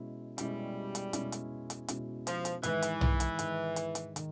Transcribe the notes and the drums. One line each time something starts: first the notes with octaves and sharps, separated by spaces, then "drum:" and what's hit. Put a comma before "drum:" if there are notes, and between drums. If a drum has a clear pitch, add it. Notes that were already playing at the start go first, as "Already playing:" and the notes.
Already playing: B2 G#3 C#4 E4
B2 G3 G#3 C#4 E4, drum: hi-hat
drum: hi-hat
B2 G#3 C#4 E4, drum: hi-hat
drum: hi-hat
drum: hi-hat
B2 G#3 C#4 E4, drum: hi-hat
F3, drum: hi-hat
drum: hi-hat
G#2 D#3 E3 G#3, drum: hi-hat
drum: hi-hat
drum: tom
drum: hi-hat
G#2 D#3 G#3, drum: hi-hat
drum: hi-hat
drum: hi-hat
D#3, drum: hi-hat